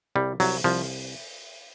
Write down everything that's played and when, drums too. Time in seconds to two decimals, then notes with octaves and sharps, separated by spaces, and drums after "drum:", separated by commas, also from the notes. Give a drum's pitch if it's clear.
0.15 C2 G3
0.40 C2 F#3, drum: open hi-hat
0.64 C2 F3